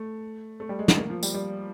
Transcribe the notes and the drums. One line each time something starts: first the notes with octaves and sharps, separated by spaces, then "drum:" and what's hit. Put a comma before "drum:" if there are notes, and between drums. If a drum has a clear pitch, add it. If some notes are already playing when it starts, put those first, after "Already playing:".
Already playing: A3
A3
G3
G#3
A3, drum: snare
A#3
F3
G3, drum: tambourine
G3